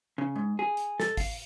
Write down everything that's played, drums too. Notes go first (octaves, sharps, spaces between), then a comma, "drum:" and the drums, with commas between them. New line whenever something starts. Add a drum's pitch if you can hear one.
C#3
G#2
G#4
drum: hi-hat
A4, drum: snare
F5, drum: kick, open hi-hat